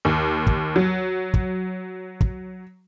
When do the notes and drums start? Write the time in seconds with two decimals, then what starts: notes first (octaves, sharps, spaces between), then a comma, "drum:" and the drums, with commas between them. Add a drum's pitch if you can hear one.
0.05 D#2
0.47 drum: kick
0.76 F#3
1.34 drum: kick
2.21 drum: kick